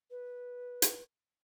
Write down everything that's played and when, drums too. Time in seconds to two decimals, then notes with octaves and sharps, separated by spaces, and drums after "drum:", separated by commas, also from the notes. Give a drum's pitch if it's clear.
0.11 B4
0.82 drum: hi-hat